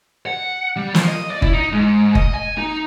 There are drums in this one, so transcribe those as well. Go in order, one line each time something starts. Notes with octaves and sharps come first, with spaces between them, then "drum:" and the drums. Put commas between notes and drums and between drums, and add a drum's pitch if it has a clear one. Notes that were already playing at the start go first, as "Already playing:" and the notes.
F#5
G3
F3, drum: snare
D#5
D5
E4, drum: kick F#1
D#4
G#2
D#5, drum: kick F#1
G#5
D#4